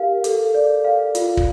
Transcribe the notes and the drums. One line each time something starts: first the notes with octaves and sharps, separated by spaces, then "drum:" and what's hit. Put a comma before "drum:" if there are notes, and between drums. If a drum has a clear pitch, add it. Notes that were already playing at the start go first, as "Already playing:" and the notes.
Already playing: G4 A#4 F5
A4, drum: hi-hat
D5
F5
F4, drum: hi-hat
drum: kick